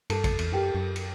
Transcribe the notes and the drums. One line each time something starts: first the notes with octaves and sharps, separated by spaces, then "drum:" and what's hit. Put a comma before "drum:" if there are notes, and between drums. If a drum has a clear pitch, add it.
G2 A4 A5, drum: cymbal
F#2, drum: kick A1, cymbal
E2, drum: cymbal
F#2 G4 G5
F#2
drum: cymbal